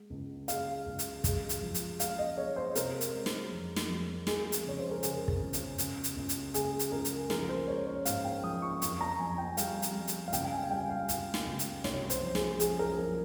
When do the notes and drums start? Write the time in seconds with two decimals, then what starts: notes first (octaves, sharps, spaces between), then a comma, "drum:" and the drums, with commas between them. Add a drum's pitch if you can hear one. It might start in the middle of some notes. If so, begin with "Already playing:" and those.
Already playing: G#3
0.10 C#2
0.48 G#3 F5, drum: hi-hat
0.86 C#2
0.99 drum: hi-hat
1.24 G#3, drum: kick, hi-hat
1.49 drum: hi-hat
1.62 F3
1.74 drum: hi-hat
2.00 G#3 F5, drum: hi-hat
2.19 D#5
2.37 G#3 C#5
2.56 C5
2.75 C3 A#4, drum: hi-hat
3.01 drum: hi-hat
3.13 G#3
3.26 drum: snare
3.51 F2
3.76 drum: snare
3.89 F2
4.27 G#3 G#4, drum: snare
4.52 drum: hi-hat
4.65 C#3 C#5
4.80 C5
4.91 A#4
5.03 C#3 G#4, drum: hi-hat
5.28 drum: kick
5.40 C#2
5.53 drum: hi-hat
5.78 C#3, drum: hi-hat
6.04 drum: hi-hat
6.16 C#2
6.29 drum: hi-hat
6.54 C#3 G#4, drum: hi-hat
6.79 drum: hi-hat
6.92 C#2 A#4
7.05 drum: hi-hat
7.30 F3 A#4, drum: snare
7.49 C5
7.68 G#3 C#5
7.87 C#5
8.05 G#2 F5, drum: hi-hat
8.24 G5
8.44 F3 D#6
8.62 C#6
8.82 F2 C#6, drum: hi-hat
9.01 A#5
9.19 F2 G#5
9.38 G5
9.57 G3 F5, drum: hi-hat
9.82 drum: hi-hat
9.95 G3
10.07 drum: hi-hat
10.28 F5
10.33 C#2 G5, drum: hi-hat
10.44 G5
10.52 G#5
10.63 F5
10.70 G3 G5
10.90 F5
11.09 C#2, drum: hi-hat
11.34 drum: snare
11.46 C#2
11.59 drum: hi-hat
11.84 C2 C#5, drum: snare
12.10 C5, drum: hi-hat
12.22 F3
12.35 G#4, drum: snare
12.60 F3 G#4, drum: hi-hat
12.79 A#4
12.97 F3 A#4